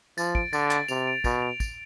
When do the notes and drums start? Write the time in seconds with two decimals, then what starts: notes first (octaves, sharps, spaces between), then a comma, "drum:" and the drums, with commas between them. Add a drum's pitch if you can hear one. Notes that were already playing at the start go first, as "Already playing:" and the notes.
0.18 F3 A6, drum: tambourine
0.35 D7, drum: kick
0.53 D3 A6, drum: tambourine
0.71 A6, drum: clap
0.88 C3 F7, drum: tambourine
1.07 D7
1.24 B2 A6, drum: kick, tambourine
1.42 F7
1.60 A6, drum: kick, tambourine